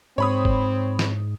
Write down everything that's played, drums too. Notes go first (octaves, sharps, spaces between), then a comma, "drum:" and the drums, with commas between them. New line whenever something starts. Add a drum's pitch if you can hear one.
G#2 C4 C#5 B5 D#6
drum: kick
drum: snare